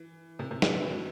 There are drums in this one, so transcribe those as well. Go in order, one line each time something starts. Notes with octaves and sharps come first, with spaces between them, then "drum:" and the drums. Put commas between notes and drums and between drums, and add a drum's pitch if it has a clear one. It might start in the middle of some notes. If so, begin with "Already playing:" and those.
Already playing: E3
C3
C3
E3, drum: snare
F#3
E3